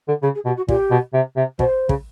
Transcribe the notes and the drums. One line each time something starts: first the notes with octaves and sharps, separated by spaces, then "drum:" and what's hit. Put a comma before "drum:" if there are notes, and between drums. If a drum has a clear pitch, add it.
D3
C#3 G#4
G#4
B2 G4
F#4
A#2 G4, drum: kick
B2
C3
C3
B2 C5, drum: kick
C#3, drum: kick